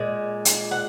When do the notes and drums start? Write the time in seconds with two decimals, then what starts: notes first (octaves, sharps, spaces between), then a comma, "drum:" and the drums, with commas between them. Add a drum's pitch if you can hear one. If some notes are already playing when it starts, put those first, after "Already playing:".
Already playing: A#2 G#3
0.45 drum: hi-hat
0.71 F#5